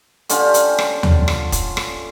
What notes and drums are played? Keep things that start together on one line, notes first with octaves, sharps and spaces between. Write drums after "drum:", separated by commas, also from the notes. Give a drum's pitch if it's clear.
D3 C#4 F4 G4, drum: hi-hat
drum: hi-hat
drum: rim click
drum: tom D#2
drum: rim click
drum: kick F1, hi-hat
drum: rim click